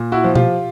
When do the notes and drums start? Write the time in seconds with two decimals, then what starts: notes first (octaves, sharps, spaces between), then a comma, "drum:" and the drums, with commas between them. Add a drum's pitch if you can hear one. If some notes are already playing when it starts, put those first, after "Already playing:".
Already playing: A#2
0.12 E4 F#4
0.24 F3
0.35 F4 G4, drum: tom B2